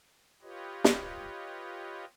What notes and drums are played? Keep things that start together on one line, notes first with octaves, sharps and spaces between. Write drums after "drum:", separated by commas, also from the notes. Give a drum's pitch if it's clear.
F4 G4 B4 C#5 D#5
drum: snare